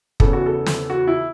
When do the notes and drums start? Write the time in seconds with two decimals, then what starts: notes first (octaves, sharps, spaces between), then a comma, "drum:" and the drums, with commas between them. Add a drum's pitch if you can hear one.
0.20 E2 C#3 E3 A4, drum: kick
0.33 F#4
0.46 A4
0.66 drum: snare
0.90 F#4
1.07 E4